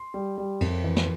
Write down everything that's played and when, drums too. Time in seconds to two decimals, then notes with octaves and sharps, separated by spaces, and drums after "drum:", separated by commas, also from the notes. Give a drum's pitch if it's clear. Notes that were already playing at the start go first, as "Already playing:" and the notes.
Already playing: C6
0.14 G3
0.38 G3
0.61 F2, drum: cymbal
0.84 E3
0.96 drum: snare